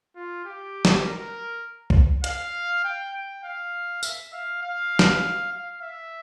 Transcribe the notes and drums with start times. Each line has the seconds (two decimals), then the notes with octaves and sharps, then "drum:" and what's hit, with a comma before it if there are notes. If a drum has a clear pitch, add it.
0.16 F4
0.45 G4
0.85 drum: snare
1.05 A#4
1.90 drum: kick
2.24 F5, drum: hi-hat
2.84 G5
3.14 G5
3.43 F5
4.03 E5, drum: tambourine
4.33 F5
4.62 F5
4.99 drum: snare
5.52 F5
5.82 E5